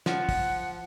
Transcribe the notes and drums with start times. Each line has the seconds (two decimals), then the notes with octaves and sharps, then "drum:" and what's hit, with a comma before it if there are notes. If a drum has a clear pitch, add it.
0.06 F3 F#5, drum: snare
0.29 drum: kick, open hi-hat